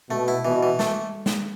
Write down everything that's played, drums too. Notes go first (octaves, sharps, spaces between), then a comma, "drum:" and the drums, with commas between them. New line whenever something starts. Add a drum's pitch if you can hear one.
B2 A3
E4
B2 E3
E3
A3, drum: snare
drum: snare